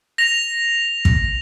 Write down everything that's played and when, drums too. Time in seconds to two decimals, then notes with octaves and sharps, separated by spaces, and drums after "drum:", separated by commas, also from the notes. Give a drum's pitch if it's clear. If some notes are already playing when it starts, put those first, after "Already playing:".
0.18 A#6 F7
1.05 drum: kick